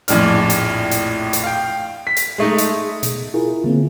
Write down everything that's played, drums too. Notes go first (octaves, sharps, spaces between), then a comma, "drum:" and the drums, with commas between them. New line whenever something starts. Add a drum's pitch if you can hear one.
A#1 F2 A2 D4 F6, drum: hi-hat
drum: hi-hat
drum: hi-hat
drum: hi-hat
F5 G5
B6
drum: hi-hat
G#3 A3 D#4
drum: hi-hat
B2, drum: hi-hat
E4 F4 G#4 A#4
D3 A#3 C4